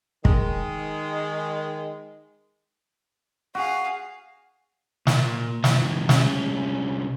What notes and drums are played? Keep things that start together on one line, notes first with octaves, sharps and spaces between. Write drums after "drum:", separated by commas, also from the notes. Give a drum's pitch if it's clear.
D#3 G#3, drum: kick
F#4 G#4 F5
A#2, drum: snare
C#2 E3, drum: snare
C2 C#4, drum: snare